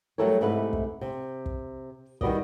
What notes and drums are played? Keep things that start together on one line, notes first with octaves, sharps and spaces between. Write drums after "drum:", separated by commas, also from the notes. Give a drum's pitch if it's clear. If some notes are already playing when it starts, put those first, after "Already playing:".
F#3 G3 A3 A4 A#4 C#5
G#2 C3 A3 E4 B4
drum: kick
C3
drum: kick
D#3 G3 F#4 B4 D5 D#5, drum: kick